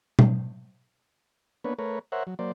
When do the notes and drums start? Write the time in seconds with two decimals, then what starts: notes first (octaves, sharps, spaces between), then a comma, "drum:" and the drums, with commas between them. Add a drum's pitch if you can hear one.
0.19 drum: tom
1.64 A#3 B3 D4 B4 C#5
1.79 A3 A#4 B4 C#5
2.12 A#4 C5 C#5 E5 F#5
2.27 F#3
2.39 F#3 A#3 C5 D5